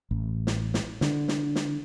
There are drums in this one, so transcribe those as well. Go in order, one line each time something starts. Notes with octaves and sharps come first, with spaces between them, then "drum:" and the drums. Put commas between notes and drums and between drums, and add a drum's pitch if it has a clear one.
A1
drum: snare
drum: snare
D3, drum: snare
drum: snare
drum: snare